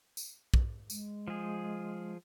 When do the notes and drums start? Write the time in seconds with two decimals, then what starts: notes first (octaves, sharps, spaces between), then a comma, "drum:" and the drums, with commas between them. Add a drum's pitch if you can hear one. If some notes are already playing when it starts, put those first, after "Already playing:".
0.17 drum: tambourine
0.54 drum: kick
0.90 G#3, drum: tambourine
1.28 F3 G#4